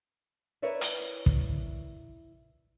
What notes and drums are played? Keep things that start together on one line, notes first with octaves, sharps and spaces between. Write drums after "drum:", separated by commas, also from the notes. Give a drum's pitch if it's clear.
E4 A#4 B4 C#5 D5 E5
drum: hi-hat
drum: kick